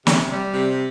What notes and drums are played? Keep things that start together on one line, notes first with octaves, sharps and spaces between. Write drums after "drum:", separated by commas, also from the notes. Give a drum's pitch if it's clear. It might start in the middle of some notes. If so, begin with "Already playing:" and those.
C3, drum: snare
G3
C3